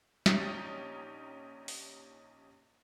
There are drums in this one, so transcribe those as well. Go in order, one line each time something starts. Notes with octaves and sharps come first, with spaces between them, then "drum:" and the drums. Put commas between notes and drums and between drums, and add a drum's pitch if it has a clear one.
A#1 C#4 D#4 G4 A6, drum: snare
drum: open hi-hat